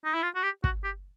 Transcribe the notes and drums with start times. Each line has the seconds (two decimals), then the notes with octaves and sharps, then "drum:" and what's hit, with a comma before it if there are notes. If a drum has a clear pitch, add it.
0.05 D#4
0.14 E4
0.23 F4
0.36 F#4
0.43 G4
0.64 F#4, drum: kick
0.84 G4